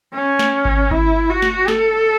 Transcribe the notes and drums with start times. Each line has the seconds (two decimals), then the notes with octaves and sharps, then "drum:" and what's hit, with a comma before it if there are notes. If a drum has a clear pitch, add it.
0.14 C#4
0.39 drum: snare
0.65 drum: kick G#1
0.91 E4, drum: kick G#1
1.30 F#4
1.42 drum: snare
1.68 A4, drum: snare